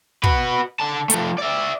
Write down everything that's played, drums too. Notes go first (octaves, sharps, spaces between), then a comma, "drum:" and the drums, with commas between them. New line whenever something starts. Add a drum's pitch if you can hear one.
F#4 B4, drum: kick
D3 A5
F3 A3, drum: hi-hat
D5 E5